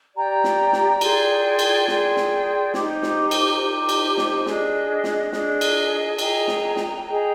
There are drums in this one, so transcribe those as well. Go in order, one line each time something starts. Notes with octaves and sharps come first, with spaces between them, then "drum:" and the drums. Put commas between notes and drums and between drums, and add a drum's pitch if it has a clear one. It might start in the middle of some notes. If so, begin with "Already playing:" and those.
G4 D5 G5 A#5
drum: snare
drum: snare
G#4 D5 G5 C6, drum: cymbal
drum: cymbal
G#4 D5 G5 C6, drum: snare
drum: snare
D#4 G4 C5, drum: snare
drum: snare
drum: cymbal
D#4 G4 C5
drum: cymbal
drum: snare
D4 G#4 D#5, drum: snare
drum: snare
D4 G#4 D#5, drum: snare
drum: cymbal
G#4 D#5 G5 A#5, drum: cymbal
drum: snare
drum: snare
G#4 D#5 G5 A#5